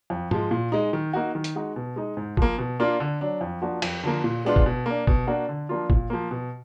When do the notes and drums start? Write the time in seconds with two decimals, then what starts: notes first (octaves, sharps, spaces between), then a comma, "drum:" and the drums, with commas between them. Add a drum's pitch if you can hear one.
0.10 F2
0.31 F3 G#3, drum: tom
0.51 A#2
0.72 G#3 D#4
0.93 D#3
1.13 A#3 D#4 F#4
1.35 D#3
1.44 drum: hi-hat
1.56 G#3 D#4 F#4
1.76 B2
1.96 G#3 D#4
2.17 G#2
2.37 F3 A#3, drum: kick G1
2.58 B2
2.80 A#3 D4 F4
3.00 D3
3.21 F#3 D4
3.41 F2
3.62 F3 A#3 D4 F#4
3.82 F2, drum: cymbal
4.03 D3 F3 A#3
4.24 A#2
4.45 G#3 B3 D4 F4
4.56 drum: kick G1
4.66 B2
4.86 A#3 D4
5.07 B2, drum: kick G1
5.27 A#3 D4 F#4
5.49 D3
5.69 F3 A#3 D4 F4
5.90 A#2, drum: kick G1
6.10 F3 A#3
6.31 B2